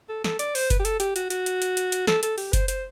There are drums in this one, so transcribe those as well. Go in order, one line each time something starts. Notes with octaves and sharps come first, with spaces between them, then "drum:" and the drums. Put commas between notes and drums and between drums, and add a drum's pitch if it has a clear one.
A4
A4, drum: snare
D5, drum: hi-hat
C5, drum: open hi-hat
B4, drum: kick F#1, hi-hat
G4
A4, drum: hi-hat
G4, drum: hi-hat
F#4, drum: hi-hat
F#4, drum: hi-hat
drum: hi-hat
drum: hi-hat
drum: hi-hat
drum: hi-hat
A4, drum: snare
A4, drum: hi-hat
G4, drum: open hi-hat
C5, drum: kick F#1, hi-hat
C5, drum: hi-hat